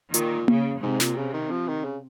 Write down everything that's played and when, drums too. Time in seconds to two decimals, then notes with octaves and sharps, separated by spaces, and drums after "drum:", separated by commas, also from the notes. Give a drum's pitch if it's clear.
0.14 A#2 D#3, drum: hi-hat
0.48 C#3, drum: tom A#3
0.83 G#2 C3
1.00 A#2, drum: snare
1.17 C#3
1.33 D#3
1.51 F3
1.68 D#3
1.85 C#3